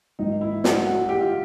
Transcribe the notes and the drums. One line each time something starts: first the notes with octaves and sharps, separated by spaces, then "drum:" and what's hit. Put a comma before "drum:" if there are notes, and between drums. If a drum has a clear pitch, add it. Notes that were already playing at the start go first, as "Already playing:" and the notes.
G#1 G#2 D#3 D#4
E4
F#4, drum: snare
F#4
F#4
G4
F4